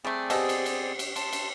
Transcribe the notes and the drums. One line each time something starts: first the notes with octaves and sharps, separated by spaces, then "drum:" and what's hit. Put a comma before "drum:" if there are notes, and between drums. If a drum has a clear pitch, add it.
G3 A3 C4 G#4 D5
B2 G4 A4 C5 D#5 G#5, drum: cymbal
drum: cymbal
drum: cymbal
drum: cymbal
A5 C6, drum: cymbal
drum: cymbal